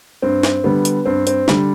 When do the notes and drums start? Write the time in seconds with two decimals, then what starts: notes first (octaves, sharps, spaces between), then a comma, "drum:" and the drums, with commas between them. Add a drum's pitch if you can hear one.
0.22 G2 C4
0.43 drum: snare
0.64 D3 G3 B3
0.85 drum: hi-hat
1.05 G2 C4
1.27 C4, drum: hi-hat
1.48 D3 G3, drum: snare